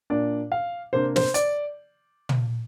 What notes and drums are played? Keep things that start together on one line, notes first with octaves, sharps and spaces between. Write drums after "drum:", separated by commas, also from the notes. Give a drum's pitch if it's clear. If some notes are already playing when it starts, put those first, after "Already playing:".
A#2 A#3 D4 D5
F5
C3 A#3 D4 C5
C5, drum: snare
D5, drum: hi-hat
drum: tom